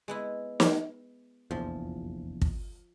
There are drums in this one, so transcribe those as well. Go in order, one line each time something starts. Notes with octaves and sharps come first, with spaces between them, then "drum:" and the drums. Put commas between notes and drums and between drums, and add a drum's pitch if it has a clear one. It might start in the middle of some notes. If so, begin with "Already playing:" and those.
G#3 B3 E4
drum: snare
F1 A#1 E2 F3
drum: kick